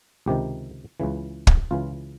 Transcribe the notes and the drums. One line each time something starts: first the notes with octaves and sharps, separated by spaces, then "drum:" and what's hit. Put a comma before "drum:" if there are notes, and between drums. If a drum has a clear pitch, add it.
C#2 C3 D#3 G4
C#2 C#3 E3
drum: kick
C#2 C#3 E3 F4